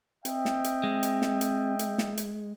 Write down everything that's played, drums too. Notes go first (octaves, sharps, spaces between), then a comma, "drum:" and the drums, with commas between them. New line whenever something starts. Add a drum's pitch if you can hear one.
C4 D#5 E5 G5, drum: hi-hat
drum: snare
drum: hi-hat
G#3
drum: hi-hat
drum: snare
drum: hi-hat
drum: hi-hat
drum: snare
drum: hi-hat